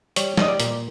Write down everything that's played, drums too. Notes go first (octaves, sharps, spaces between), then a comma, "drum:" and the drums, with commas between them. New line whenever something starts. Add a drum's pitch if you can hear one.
G3 C#5, drum: hi-hat
G3 D#5, drum: snare
D5
A#2, drum: hi-hat